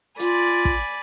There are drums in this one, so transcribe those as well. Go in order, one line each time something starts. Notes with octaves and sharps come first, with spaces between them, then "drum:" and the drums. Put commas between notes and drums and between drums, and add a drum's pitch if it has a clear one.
F4 D5 G#5 B5, drum: hi-hat
drum: kick